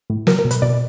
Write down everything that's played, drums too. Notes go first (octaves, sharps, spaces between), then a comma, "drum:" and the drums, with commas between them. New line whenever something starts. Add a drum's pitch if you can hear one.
A2
F#3 A#4, drum: snare
A#4
B2
B4, drum: hi-hat
B2 D5